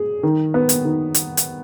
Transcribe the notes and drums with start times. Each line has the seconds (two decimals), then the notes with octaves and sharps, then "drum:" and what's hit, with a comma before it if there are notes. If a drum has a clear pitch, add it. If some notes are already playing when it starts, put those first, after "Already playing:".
Already playing: G#4
0.23 D#3
0.54 B3
0.69 drum: hi-hat
0.85 D#3
1.14 drum: hi-hat
1.37 drum: hi-hat